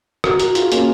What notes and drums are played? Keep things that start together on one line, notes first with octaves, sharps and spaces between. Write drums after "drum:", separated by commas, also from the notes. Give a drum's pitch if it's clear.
F#4 A#4, drum: rim click
F#4 A#4, drum: hi-hat
F4 G#4, drum: hi-hat
A#3 C#4, drum: hi-hat